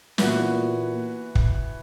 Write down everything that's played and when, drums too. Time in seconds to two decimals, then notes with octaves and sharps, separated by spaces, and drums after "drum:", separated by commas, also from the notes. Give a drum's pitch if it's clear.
0.18 A#2 E3 B3 F#4 B4, drum: snare
1.35 drum: kick